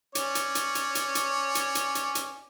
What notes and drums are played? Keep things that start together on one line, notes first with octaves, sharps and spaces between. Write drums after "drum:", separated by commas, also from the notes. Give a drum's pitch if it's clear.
C#4 C#5 D5, drum: hi-hat
drum: hi-hat
drum: hi-hat
drum: hi-hat
drum: hi-hat
drum: hi-hat
drum: hi-hat
drum: hi-hat
drum: hi-hat
drum: hi-hat